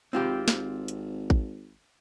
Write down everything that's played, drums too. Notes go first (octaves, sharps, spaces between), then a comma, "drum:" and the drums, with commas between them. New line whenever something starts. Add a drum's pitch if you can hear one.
G#1 C4 F4 G4
drum: snare
drum: hi-hat
drum: kick A1